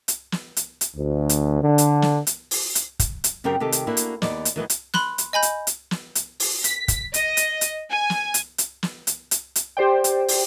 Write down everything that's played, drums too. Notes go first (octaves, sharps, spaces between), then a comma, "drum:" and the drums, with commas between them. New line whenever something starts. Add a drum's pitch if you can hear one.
drum: hi-hat
drum: snare
drum: hi-hat
drum: hi-hat
D2
drum: hi-hat
D3
drum: hi-hat
drum: snare
drum: hi-hat
drum: open hi-hat
drum: hi-hat
drum: kick, hi-hat
drum: hi-hat
F#2 C#3 C4 G4 A#4 G5
C3 D#3 G4 A4
drum: hi-hat
A#3 D4 E4 F#4
drum: hi-hat
D#2 C3 B3 D#4 D5, drum: snare
drum: hi-hat
D#3 E3 F#3 B3
drum: hi-hat
B5 C6 F#6, drum: snare
drum: hi-hat
D#5 G#5 B5 G6
drum: hi-hat
drum: hi-hat
drum: snare
drum: hi-hat
drum: open hi-hat
B6, drum: hi-hat
drum: kick, hi-hat
D#5, drum: hi-hat
drum: hi-hat
drum: hi-hat
G#5
drum: snare
drum: hi-hat
drum: hi-hat
drum: snare
drum: hi-hat
drum: hi-hat
drum: hi-hat
G4 C5 D5 G5
drum: hi-hat
drum: open hi-hat